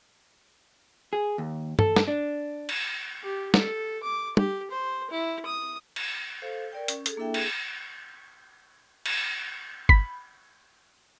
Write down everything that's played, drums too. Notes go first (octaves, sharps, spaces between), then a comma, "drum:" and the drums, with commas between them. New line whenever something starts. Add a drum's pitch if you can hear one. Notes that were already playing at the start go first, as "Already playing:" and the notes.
G#4
D#2
A4, drum: tom G2
drum: snare
D4
drum: cymbal
G4
A4, drum: snare
D6
G4, drum: tom
C5
E4
D#6
drum: cymbal
A4 C5 F5
A#4 D5 G5
C#4, drum: hi-hat
G#4 A4, drum: hi-hat
A#3 D4 E4 A4 E5 G5
G#4, drum: cymbal
drum: cymbal
B5, drum: kick G1